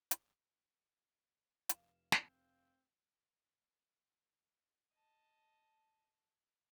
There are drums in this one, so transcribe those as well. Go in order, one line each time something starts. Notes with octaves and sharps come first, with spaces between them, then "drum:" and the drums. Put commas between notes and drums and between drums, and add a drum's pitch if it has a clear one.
drum: hi-hat
F1 F5 E7, drum: hi-hat
C4, drum: snare
D#5 A5